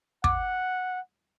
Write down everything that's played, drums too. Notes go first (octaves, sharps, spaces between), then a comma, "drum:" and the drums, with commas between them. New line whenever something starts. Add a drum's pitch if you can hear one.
F#5 D6, drum: kick